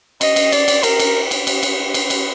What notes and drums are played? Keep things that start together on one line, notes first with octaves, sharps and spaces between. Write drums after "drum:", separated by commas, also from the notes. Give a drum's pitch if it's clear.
D#5, drum: cymbal
drum: cymbal
D5, drum: cymbal
drum: cymbal
A#4, drum: cymbal
drum: cymbal
drum: cymbal
drum: cymbal
drum: cymbal
drum: cymbal
drum: cymbal